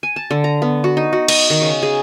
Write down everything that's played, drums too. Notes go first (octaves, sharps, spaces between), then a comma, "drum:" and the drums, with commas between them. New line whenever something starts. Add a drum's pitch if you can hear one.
G#5
A5
D3
A#5
B3
F#4
D#4
F#4
D#5, drum: cymbal
D#3
C#3
G#4